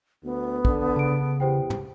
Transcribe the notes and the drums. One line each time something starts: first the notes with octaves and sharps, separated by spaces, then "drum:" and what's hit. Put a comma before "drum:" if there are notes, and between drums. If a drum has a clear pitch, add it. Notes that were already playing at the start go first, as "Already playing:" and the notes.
D2 B3
D3, drum: kick
C#3 A5 D7
E2 G4 C5 G5
drum: tom